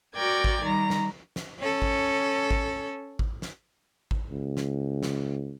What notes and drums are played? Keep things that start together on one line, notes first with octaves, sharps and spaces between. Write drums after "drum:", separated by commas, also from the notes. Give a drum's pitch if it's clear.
F#4 A#4 D5 G5 G#6
drum: kick G#1
D#3 G3 A#5
drum: snare
drum: snare
C#4 A4
drum: kick G#1
drum: kick G#1
drum: kick G#1
drum: snare
drum: kick G#1
C#2
drum: snare
drum: snare